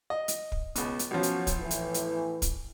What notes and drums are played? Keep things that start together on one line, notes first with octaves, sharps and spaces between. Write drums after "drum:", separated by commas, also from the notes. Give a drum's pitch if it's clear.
D#5
drum: hi-hat
drum: kick
C#2 B2, drum: hi-hat
drum: hi-hat
B1 F3 C#4 F#4
drum: hi-hat
drum: kick, hi-hat
A2 E3
drum: hi-hat
drum: hi-hat
drum: kick, hi-hat